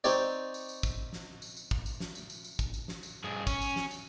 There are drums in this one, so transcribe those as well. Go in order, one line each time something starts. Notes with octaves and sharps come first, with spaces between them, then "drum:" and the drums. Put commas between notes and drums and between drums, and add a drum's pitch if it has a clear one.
C4 D#4 G4 C#5 D5
drum: tambourine
drum: tambourine
drum: kick, tambourine
drum: snare
drum: tambourine
drum: tambourine
drum: kick
drum: tambourine
drum: snare
drum: tambourine
drum: tambourine
drum: tambourine
drum: kick, tambourine
drum: tambourine
drum: snare
drum: tambourine
G2 G#4
C#4, drum: kick, tambourine
drum: tambourine
drum: snare
drum: tambourine